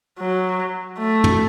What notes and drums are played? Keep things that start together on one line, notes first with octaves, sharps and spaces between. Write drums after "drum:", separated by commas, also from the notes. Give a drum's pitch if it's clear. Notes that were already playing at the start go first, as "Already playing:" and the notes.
F#3
A3
drum: tom